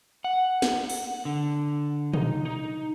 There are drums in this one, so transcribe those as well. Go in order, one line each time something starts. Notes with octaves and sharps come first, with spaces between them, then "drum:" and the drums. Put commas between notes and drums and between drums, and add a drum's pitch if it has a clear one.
F#5
drum: snare
drum: open hi-hat
D3
D#4, drum: tom
D#4